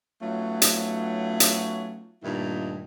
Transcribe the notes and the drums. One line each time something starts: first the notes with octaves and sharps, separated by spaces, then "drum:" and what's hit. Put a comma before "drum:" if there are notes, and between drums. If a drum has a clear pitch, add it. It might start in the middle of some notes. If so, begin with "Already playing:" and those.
F#3 A3 B3 C#4 D#4 F4
drum: hi-hat
drum: hi-hat
G2 A#2 D#3 A3 D#4 E4